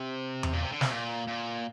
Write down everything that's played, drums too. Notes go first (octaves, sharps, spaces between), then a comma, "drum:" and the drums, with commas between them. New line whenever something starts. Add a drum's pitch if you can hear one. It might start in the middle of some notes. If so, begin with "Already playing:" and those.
Already playing: C3
drum: tom E2
A#2
C3
D3
C3, drum: snare
A#2
A#2